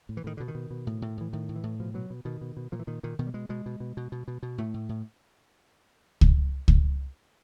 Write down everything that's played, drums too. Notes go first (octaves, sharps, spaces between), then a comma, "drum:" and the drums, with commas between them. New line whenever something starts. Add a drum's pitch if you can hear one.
A2
E3
A2 D#3
B2 D3
D#3
B2
B2
A2
A2
A2 E3
A2 D#3
A2
E3
A2
B2 F3
B2 F#3
B2
B2 D#3
B2
B2
A#2 F3
E3
A#2 D#3
A#2 D#3
B2 D#3
G3
B2 G#3
B2 G#3
B2
B2
B2
B2
B2
B2
A2 A3
A2
A2
drum: kick C#2
drum: kick C#2